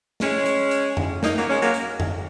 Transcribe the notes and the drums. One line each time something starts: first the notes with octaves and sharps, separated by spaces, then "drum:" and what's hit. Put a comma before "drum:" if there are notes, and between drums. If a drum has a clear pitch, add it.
G#3 C#4, drum: snare
drum: hi-hat
drum: hi-hat
drum: tom F2
A#3 D#4, drum: snare
F#3 A#3
G#3 C#4
F#3 A#3
drum: hi-hat
drum: tom F2